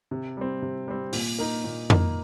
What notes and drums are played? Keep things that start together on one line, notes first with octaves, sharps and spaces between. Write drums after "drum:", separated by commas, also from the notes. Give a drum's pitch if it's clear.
C3
G3 C4
C3
G3 C4
A#2, drum: open hi-hat
A#3 D#4
A#2
A#3 D#4, drum: tom F2